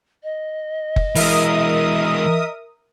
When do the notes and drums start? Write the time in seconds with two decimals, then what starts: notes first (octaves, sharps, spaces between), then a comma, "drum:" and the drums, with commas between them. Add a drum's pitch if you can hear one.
0.23 D#5
0.96 drum: kick F#1
1.15 E3 G#3 A#4 E5 D#6, drum: open hi-hat